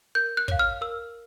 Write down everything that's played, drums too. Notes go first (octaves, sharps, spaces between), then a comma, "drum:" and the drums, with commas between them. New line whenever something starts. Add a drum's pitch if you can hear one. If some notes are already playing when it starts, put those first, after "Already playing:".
A#4 G6
F#6
C#5 F5, drum: kick
F6
A#4 E6